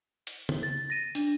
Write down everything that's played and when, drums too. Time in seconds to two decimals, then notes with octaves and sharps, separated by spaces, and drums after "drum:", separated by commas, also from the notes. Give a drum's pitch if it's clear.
0.27 drum: hi-hat
0.49 drum: tom C#3
0.63 A6
0.90 A#6 D#7
1.15 D4, drum: hi-hat